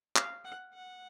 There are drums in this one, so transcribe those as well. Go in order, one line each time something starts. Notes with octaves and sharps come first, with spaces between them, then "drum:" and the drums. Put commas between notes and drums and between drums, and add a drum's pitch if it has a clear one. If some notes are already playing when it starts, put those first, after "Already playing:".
F5, drum: clap
F#5
F#5